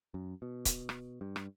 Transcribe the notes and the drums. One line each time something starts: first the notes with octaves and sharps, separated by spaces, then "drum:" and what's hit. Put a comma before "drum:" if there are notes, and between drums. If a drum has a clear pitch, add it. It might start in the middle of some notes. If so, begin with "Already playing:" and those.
F#2
B2
drum: kick, hi-hat
drum: rim click
G2
drum: rim click